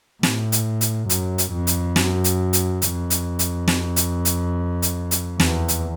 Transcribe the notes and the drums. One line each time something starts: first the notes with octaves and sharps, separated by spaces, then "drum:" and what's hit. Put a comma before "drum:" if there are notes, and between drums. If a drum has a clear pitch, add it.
A2, drum: snare
drum: hi-hat
drum: hi-hat
F#2, drum: hi-hat
drum: hi-hat
F2
drum: hi-hat
F#2, drum: snare
drum: hi-hat
drum: hi-hat
F2, drum: hi-hat
drum: hi-hat
drum: hi-hat
drum: snare
drum: hi-hat
drum: hi-hat
drum: hi-hat
drum: hi-hat
E2, drum: snare
drum: hi-hat